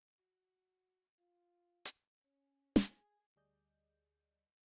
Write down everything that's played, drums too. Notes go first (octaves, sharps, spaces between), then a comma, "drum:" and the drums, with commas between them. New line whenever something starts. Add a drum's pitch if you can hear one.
F#4
F4
drum: hi-hat
C#4
G#4, drum: snare
D2 G3 G#4 D5 D#5 G6